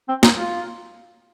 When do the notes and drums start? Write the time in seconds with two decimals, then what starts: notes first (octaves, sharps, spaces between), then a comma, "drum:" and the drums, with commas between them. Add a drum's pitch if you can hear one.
0.09 C4
0.23 D#4, drum: snare
0.36 F4